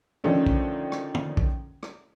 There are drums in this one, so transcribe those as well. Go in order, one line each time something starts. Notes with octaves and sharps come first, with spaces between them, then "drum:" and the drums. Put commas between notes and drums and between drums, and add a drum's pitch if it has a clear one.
D3 D#3 F3 A3 C#4 D4
drum: kick A#1
drum: rim click
drum: tom
drum: kick A#1
drum: rim click